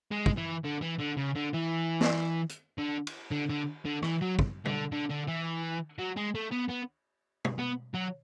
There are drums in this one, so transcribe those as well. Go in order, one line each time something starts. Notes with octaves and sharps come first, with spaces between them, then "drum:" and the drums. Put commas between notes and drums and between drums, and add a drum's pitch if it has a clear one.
G#3
drum: kick
E3
D3
E3
D3
C#3
D3
E3
drum: snare
drum: hi-hat
D3
drum: cymbal
D3
D3
D3
E3, drum: rim click
F#3
drum: kick
D3, drum: tom
D3
D3
E3
F#3
G#3
A3
B3
B3
drum: tom
B3
F#3